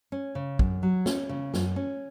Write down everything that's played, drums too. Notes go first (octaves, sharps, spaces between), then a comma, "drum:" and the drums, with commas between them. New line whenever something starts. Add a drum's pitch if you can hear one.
C#4
C#3
F#2, drum: kick
F#3
C#4, drum: snare
C#3
F#2, drum: snare
C#4